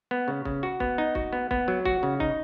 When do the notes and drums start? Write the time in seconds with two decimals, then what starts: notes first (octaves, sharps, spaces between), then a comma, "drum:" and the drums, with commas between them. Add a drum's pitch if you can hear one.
0.11 B3
0.28 C#3
0.45 C#3, drum: kick
0.63 F#4
0.80 B3, drum: kick
0.98 D#4
1.15 F#4, drum: kick
1.33 B3
1.51 B3, drum: kick
1.68 F#3
1.85 F#4, drum: kick
2.03 C#3
2.20 D#4, drum: kick